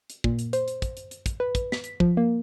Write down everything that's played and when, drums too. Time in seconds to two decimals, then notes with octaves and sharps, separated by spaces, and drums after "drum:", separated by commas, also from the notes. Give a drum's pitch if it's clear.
0.10 drum: hi-hat
0.24 A#2, drum: kick
0.39 drum: hi-hat
0.53 C5, drum: hi-hat
0.68 drum: hi-hat
0.82 drum: kick, hi-hat
0.97 drum: hi-hat
1.11 drum: hi-hat
1.26 drum: kick, hi-hat
1.40 B4
1.55 drum: kick, hi-hat
1.72 B6, drum: snare
1.84 drum: hi-hat
2.00 F3, drum: kick
2.17 A#3